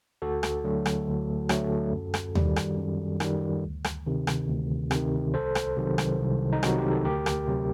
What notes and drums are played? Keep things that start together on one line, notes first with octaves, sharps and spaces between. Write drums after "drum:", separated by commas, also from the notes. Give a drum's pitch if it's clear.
D2 F#4 A4
drum: rim click
D3 F#3 A3
drum: rim click
D2
D3 F#3 A3, drum: rim click
F#2
drum: rim click
D#3 G3, drum: tom D#2
drum: rim click
F#2
D#3 G3, drum: rim click
D2
drum: rim click
C3 D#3
drum: rim click
D2
C3 D#3, drum: rim click
C2 A4 C5
drum: rim click
C3 D#3 F#3
drum: rim click
C2
D#4
C3 D#3 F#3 F#4, drum: rim click
G4
A4
D2 G4 A#4
drum: rim click
C3 F#3